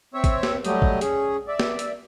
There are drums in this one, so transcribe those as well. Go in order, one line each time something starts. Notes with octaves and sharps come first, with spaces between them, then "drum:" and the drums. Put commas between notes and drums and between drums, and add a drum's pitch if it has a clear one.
C4 C#5 E5
drum: kick A1, hi-hat
drum: snare
F#3 G3 A3 G4 D#5, drum: hi-hat
drum: kick A1
C#4 G#4, drum: hi-hat
D5 E5
drum: snare
drum: hi-hat